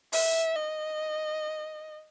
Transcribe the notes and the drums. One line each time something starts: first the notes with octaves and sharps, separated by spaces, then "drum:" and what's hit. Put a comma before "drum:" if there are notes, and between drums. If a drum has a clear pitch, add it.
E5, drum: open hi-hat
D#5